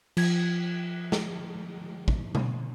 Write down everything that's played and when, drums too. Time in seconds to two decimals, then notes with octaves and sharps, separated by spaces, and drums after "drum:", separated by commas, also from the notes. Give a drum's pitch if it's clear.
0.17 F3 G#6, drum: cymbal
1.12 drum: snare
2.08 drum: kick
2.35 drum: tom B2